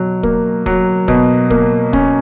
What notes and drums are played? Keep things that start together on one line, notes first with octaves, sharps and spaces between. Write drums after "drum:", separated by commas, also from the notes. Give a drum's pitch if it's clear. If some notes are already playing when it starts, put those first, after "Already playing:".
Already playing: B2 F#3
A#3, drum: kick
F#3, drum: kick
B2, drum: kick
A#3, drum: kick
C#4, drum: kick